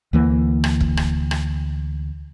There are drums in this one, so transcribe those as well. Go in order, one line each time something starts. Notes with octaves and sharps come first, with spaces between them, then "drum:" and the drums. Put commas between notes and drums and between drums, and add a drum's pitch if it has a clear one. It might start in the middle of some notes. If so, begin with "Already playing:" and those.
D2 E3 A#3
drum: rim click
drum: kick E1
drum: rim click
drum: rim click